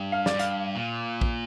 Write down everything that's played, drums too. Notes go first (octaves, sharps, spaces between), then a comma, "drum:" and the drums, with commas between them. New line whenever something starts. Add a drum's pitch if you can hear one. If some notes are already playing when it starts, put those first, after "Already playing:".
Already playing: G2
F5
D5, drum: snare
G2
F5, drum: hi-hat
A#2
drum: kick